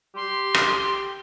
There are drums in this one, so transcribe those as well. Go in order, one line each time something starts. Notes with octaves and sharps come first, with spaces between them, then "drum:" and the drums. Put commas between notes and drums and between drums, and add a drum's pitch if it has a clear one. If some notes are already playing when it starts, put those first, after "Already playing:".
G4 C6
drum: rim click